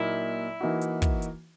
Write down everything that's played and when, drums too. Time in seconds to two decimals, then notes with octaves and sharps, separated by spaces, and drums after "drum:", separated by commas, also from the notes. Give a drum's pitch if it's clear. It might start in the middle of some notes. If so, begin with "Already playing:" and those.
Already playing: A#2 F#3 A#3 D#4 E4
0.61 E3 A#3 D#4 F#4
0.81 drum: hi-hat
1.02 drum: kick, hi-hat
1.22 drum: hi-hat